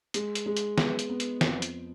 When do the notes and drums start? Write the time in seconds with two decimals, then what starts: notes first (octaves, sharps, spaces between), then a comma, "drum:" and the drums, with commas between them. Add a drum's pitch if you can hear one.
0.14 G#3, drum: hi-hat
0.35 drum: hi-hat
0.46 G#3
0.57 drum: hi-hat
0.78 B3, drum: snare
0.99 drum: hi-hat
1.09 B3
1.20 drum: hi-hat
1.41 F2, drum: snare
1.62 drum: hi-hat